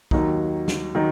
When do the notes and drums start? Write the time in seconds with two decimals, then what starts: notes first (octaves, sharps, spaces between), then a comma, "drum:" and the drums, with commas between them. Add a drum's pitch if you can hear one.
0.11 D#2 D#3 F#3 D#4, drum: kick
0.68 drum: snare
0.95 D#3 F#3 D#4